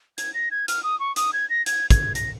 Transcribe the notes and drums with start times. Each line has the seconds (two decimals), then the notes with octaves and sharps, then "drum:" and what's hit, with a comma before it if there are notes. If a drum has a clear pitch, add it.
0.18 G#6, drum: hi-hat
0.34 A#6
0.51 G#6
0.68 F6, drum: hi-hat
0.83 D#6
1.00 C#6
1.16 D#6, drum: hi-hat
1.33 G#6
1.50 A#6
1.66 G#6, drum: hi-hat
1.90 G#6, drum: kick, hi-hat
2.15 A#6, drum: hi-hat